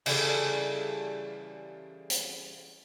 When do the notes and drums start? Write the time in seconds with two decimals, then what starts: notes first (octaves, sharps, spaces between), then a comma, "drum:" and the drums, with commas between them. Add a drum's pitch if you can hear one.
0.06 C#3 E3 G3 A4, drum: cymbal
2.10 drum: hi-hat